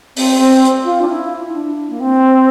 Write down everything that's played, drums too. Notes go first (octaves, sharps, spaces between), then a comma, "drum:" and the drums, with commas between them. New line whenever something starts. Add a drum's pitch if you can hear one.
C4, drum: open hi-hat
C4
drum: hi-hat
F4
D4
E4
D4
A#3
C4